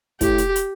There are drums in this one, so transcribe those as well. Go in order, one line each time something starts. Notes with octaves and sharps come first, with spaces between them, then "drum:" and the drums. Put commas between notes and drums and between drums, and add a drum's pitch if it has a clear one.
A2 G4, drum: kick, hi-hat
drum: hi-hat
drum: hi-hat